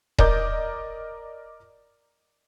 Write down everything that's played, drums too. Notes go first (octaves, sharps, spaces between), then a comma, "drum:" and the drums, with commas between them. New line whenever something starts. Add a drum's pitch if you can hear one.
A#4 D5 D#5 D6 G6, drum: kick D#1